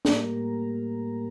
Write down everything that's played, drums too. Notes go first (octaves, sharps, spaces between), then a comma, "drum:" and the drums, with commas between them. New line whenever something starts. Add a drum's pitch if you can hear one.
A2 G3 A#3 A#4, drum: snare